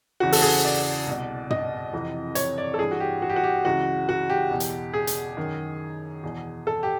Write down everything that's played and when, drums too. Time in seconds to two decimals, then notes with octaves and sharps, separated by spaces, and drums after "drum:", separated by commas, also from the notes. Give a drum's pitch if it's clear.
0.20 E2 C#3 E3 F#4
0.32 A4, drum: open hi-hat
0.42 G#4
0.64 D5
1.07 C2 B2
1.50 D#5, drum: tom
1.93 F2 C3 E3
2.35 C#5, drum: hi-hat
2.58 D5
2.74 A4
2.78 G2 E3 G#4
2.91 F#4
3.00 G4
3.22 F#4
3.30 G4
3.36 F#4
3.44 G4
3.65 C#2 C#3 E3 F#4
4.09 F#4
4.30 G4
4.51 E2 B2
4.60 drum: hi-hat
4.94 G#4
5.07 drum: hi-hat
5.37 F#2 D#3
6.23 E2 B2
6.67 A4
6.83 G4